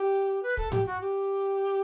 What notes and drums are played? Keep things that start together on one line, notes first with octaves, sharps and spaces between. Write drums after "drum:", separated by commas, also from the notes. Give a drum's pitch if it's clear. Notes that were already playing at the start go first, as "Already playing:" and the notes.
Already playing: G4
B4
A4, drum: kick
G4, drum: tom G#2
F#4
G4